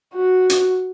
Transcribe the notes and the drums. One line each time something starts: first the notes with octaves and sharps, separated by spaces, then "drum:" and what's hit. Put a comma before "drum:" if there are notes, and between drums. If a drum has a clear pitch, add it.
F#4
drum: hi-hat